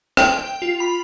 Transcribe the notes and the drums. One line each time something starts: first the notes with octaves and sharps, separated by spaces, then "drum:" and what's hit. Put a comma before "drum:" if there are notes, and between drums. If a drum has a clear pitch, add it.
G5, drum: rim click
F4
B5